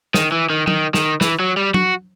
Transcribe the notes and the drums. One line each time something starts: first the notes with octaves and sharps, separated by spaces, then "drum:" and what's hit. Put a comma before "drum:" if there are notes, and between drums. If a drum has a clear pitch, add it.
D#3, drum: snare
E3
D#3
D#3, drum: tom
D#3, drum: snare
E3, drum: snare
F#3
G3
F#4, drum: tom